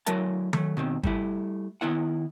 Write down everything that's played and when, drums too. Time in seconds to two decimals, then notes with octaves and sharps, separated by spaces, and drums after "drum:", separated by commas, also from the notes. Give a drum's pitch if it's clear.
0.06 F#3 A3 E4 A#4 A5, drum: hi-hat
0.53 F#3 A3, drum: tom D#3
0.77 B2 D#3 C4
1.03 G3 A3 E4, drum: kick
1.81 D#3 B3 E4 F#5